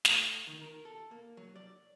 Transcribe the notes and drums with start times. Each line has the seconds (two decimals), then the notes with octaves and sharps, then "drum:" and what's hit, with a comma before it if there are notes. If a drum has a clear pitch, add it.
0.05 A3, drum: snare
0.47 D#3
0.61 A#4
0.85 A4
1.11 A#3
1.37 F#3
1.56 D5